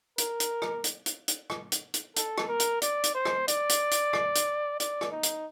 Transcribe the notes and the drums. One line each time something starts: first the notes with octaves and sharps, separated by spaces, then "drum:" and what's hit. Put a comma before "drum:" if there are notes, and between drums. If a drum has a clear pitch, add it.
A#4, drum: hi-hat
drum: hi-hat
drum: rim click
drum: hi-hat
drum: hi-hat
drum: hi-hat
drum: rim click
drum: hi-hat
drum: hi-hat
A4, drum: hi-hat
drum: rim click
A#4
drum: hi-hat
D5, drum: hi-hat
drum: hi-hat
C5
drum: rim click
D5, drum: hi-hat
drum: hi-hat
drum: hi-hat
drum: rim click
drum: hi-hat
D5, drum: hi-hat
drum: rim click
D#4
drum: hi-hat